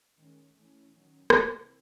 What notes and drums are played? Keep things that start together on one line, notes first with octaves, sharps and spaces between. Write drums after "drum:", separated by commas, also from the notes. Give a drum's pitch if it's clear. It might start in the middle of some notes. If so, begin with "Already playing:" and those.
D#3 G#3 C#4
E3 A3 C#4
D#3 F#3 C#4
C3 E3 C4, drum: rim click